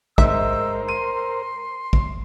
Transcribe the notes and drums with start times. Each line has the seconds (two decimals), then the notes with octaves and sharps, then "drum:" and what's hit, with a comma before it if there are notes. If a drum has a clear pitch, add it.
0.18 G#2 D#4 A#4 C5 E5 E6, drum: kick
0.88 C6 D#7
1.93 drum: kick